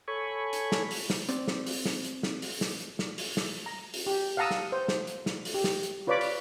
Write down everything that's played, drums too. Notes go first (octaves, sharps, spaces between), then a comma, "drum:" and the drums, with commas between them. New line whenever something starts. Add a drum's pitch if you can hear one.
A4 C#5 G#5 B5 C#6
drum: hi-hat
drum: snare
drum: open hi-hat
drum: snare
C4 D5, drum: hi-hat
drum: snare
drum: open hi-hat
drum: snare
drum: hi-hat
drum: snare
drum: open hi-hat
drum: snare
drum: hi-hat
drum: snare
drum: open hi-hat
drum: snare
A#5
drum: open hi-hat
G4
F5 F#5 A5 A#5 D#6 E6
drum: snare
C5
drum: snare
drum: hi-hat
drum: snare
drum: open hi-hat
G4
drum: snare
drum: hi-hat
F4 B4 C#5 D5 B5 D6
drum: open hi-hat